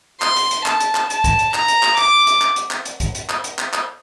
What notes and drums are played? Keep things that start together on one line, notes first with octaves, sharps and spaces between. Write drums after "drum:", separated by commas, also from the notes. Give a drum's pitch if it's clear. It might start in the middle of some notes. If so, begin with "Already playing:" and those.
C6, drum: clap
drum: hi-hat
drum: hi-hat
A5, drum: clap
drum: hi-hat
drum: clap
A5, drum: hi-hat
drum: kick, hi-hat
drum: hi-hat
A#5, drum: clap
drum: hi-hat
drum: clap
D6, drum: clap
drum: hi-hat
drum: clap
drum: hi-hat
drum: clap
drum: hi-hat
drum: kick, hi-hat
drum: hi-hat
drum: clap
drum: hi-hat
drum: clap
drum: clap